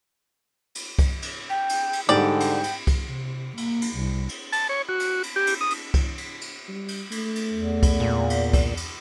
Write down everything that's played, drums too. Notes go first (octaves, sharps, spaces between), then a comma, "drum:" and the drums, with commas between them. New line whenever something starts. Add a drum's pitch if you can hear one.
drum: cymbal
drum: kick C2, cymbal
drum: cymbal
G5
drum: cymbal
drum: cymbal
G#2 D3 G3 D5 G5
drum: cymbal
drum: cymbal
drum: kick C2, cymbal
C3
A#3, drum: cymbal
drum: cymbal
C2
drum: cymbal
A5, drum: cymbal
C#5
F#4
drum: cymbal
drum: cymbal
G4
drum: cymbal
D#6
drum: cymbal
drum: kick C2, cymbal
drum: cymbal
drum: cymbal
G3
drum: cymbal
A3, drum: cymbal
drum: cymbal
E2
drum: kick C2, cymbal
A#2
drum: cymbal
drum: kick C2, cymbal
drum: cymbal